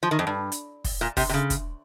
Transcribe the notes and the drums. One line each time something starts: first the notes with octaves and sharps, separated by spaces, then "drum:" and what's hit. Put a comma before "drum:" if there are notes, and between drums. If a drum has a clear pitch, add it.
F3
D#3
F2
G2
drum: hi-hat
drum: kick, open hi-hat
A#2
C3, drum: kick, open hi-hat
C3
C#3
drum: kick, hi-hat